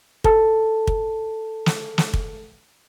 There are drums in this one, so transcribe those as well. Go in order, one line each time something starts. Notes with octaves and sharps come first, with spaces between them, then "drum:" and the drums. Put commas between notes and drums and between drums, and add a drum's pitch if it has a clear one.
A4 A5, drum: kick
drum: kick
drum: snare
drum: snare
drum: kick